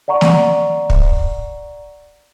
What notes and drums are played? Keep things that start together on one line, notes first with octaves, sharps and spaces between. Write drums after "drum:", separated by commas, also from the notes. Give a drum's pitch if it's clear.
D5 F#5 A#5 C#6
drum: snare
drum: kick